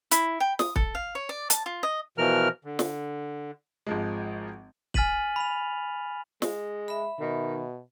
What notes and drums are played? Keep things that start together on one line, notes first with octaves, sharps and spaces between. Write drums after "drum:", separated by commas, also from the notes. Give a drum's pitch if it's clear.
E4, drum: hi-hat
G5
D#6, drum: snare
A4, drum: kick
F5
C#5
D5
A5, drum: hi-hat
F4
D#5
B2 E3 F3 A#4 F6
D3
drum: snare
G#1 F3 G#3
G#5 F6 A6 B6 D#7 F#7, drum: kick
B5 F7
G#3, drum: snare
E5 B5
B2 D#3